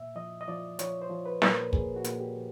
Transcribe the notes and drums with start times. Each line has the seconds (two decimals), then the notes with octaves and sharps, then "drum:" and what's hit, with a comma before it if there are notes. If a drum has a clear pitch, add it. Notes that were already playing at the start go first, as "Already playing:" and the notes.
Already playing: A#2 E5
0.16 F3 D#5
0.41 D#5
0.48 F3 D5
0.79 F3 C#5, drum: hi-hat
1.02 C5
1.10 F3
1.26 B4
1.42 A#2 B4, drum: snare
1.49 A#4
1.73 A#2 G#4, drum: kick
1.96 F#4
2.04 A#2, drum: hi-hat
2.19 G4
2.35 F3